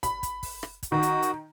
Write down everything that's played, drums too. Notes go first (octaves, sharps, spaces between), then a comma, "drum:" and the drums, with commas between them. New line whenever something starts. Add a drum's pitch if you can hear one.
B5, drum: kick, hi-hat
drum: kick, hi-hat
drum: kick, open hi-hat
drum: rim click
drum: kick, hi-hat
D#3 F#4
drum: hi-hat
drum: hi-hat